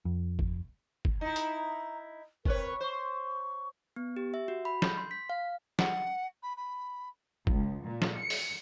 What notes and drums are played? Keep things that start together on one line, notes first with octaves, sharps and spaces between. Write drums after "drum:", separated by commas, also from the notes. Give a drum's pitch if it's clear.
F2
drum: kick
drum: kick
D#4 E4 A#5
drum: hi-hat
C4 A#4 B4 C#5, drum: kick
C5 C#6
B3
G4
E5
F#4
B5
G6, drum: snare
C6
B6
F5
F#5, drum: snare
B5
B5
C#2, drum: kick
A#2
drum: snare
C#7
drum: open hi-hat